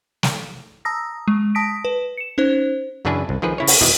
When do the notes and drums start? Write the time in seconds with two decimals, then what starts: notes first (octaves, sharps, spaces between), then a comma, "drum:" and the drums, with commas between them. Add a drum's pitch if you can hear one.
0.23 drum: snare
0.85 A5 A#5 D#6 E6 A#6
1.28 G#3
1.55 A5 D#6 A#6 B6 D7
1.85 B4
2.17 C#7 E7
2.38 C#4 D#4 C5
3.05 F#2 C#3 E3 D4 B4 G#5
3.29 C2
3.42 D#3 F3 G#4 B4
3.58 C#3 E4 C#5
3.67 drum: open hi-hat
3.81 E2 B2 D#3 E3 D#5